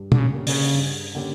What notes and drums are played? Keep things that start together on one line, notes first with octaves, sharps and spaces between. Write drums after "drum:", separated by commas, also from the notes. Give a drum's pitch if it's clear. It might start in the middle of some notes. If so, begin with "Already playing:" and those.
Already playing: G2
D3, drum: tom
C#3
D3 A#3 C#4 G4
C#3, drum: open hi-hat
G2
D3 A#3 C#4 G4